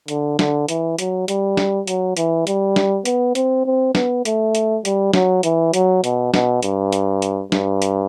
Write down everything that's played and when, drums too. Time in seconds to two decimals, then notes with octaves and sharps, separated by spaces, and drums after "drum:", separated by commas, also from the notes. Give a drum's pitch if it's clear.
0.08 D3, drum: hi-hat
0.39 D3, drum: snare
0.69 E3, drum: hi-hat
0.99 F#3, drum: hi-hat
1.28 G3, drum: hi-hat
1.57 drum: snare
1.87 F#3, drum: hi-hat
2.17 E3, drum: hi-hat
2.47 G3, drum: hi-hat
2.76 drum: snare
3.05 B3, drum: hi-hat
3.35 C4, drum: hi-hat
3.66 C4
3.95 B3, drum: snare
4.25 A3, drum: hi-hat
4.55 drum: hi-hat
4.85 G3, drum: hi-hat
5.14 F#3, drum: snare
5.43 E3, drum: hi-hat
5.74 F#3, drum: hi-hat
6.04 B2, drum: hi-hat
6.34 B2, drum: snare
6.63 G2, drum: hi-hat
6.92 drum: hi-hat
7.22 drum: hi-hat
7.52 G2, drum: snare
7.82 drum: hi-hat